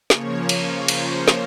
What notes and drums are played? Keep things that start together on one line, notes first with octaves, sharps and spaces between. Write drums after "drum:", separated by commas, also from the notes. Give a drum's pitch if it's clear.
C#3 F3 A#3 C#5, drum: snare
drum: cymbal
C5, drum: cymbal
drum: snare